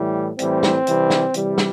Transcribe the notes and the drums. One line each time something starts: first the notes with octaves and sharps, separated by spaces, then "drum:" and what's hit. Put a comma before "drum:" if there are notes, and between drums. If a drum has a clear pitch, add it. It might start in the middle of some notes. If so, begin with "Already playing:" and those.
Already playing: A2 E3 G3
A2 E3 G3 C4, drum: hi-hat
drum: snare
C3 E3 G3, drum: hi-hat
drum: snare
C3 E3 G3, drum: hi-hat
drum: snare